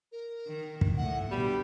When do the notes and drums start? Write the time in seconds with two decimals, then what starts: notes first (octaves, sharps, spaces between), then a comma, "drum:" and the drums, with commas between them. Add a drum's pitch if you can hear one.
0.12 A#4
0.47 D#3
0.81 drum: kick
0.97 A2 A3 F#5
1.31 B2 D3 G3 B5